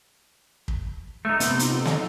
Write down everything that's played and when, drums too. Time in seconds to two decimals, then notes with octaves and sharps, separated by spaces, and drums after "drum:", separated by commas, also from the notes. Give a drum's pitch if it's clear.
0.68 drum: kick
1.25 A3 D#4
1.40 C3 B3 B5, drum: hi-hat
1.59 C4 D#4 F4, drum: hi-hat
1.72 D#4 A4
1.85 drum: snare